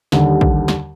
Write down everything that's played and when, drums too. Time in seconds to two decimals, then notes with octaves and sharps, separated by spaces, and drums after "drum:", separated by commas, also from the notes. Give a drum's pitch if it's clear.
0.12 D#2 D3 G3, drum: snare
0.41 drum: kick
0.68 drum: snare